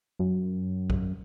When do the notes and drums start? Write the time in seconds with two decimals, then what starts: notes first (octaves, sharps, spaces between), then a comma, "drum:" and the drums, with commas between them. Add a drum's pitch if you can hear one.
0.19 F#2
0.90 drum: kick B1